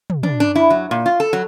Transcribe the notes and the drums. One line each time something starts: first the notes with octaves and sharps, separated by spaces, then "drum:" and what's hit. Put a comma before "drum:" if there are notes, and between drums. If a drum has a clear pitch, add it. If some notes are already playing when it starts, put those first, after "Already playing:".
drum: tom
D4, drum: tom
D4
E4
F#3
A#2
F4
A4
F#3